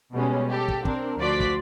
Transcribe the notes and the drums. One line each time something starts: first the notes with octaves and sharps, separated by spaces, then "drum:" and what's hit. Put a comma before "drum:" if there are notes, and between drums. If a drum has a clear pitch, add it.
B2 G3 G#3 C#4
G4 A4
drum: kick
C4 D4 A#4, drum: kick
D2 F3 F#4 D5 C6 B6
drum: kick